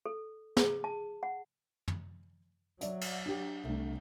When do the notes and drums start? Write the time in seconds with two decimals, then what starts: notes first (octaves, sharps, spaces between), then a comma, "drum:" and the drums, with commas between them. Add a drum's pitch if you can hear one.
0.06 A4
0.57 G#4, drum: snare
0.84 A5
1.23 F#5
1.88 drum: tom
2.81 F#3 D5 E5, drum: hi-hat
3.01 drum: cymbal
3.26 D4 G4
3.65 C2 A3 D4